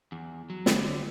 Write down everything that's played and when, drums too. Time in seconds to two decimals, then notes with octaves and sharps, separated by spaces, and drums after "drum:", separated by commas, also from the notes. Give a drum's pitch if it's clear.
0.12 E2
0.50 F#3
0.66 D3, drum: snare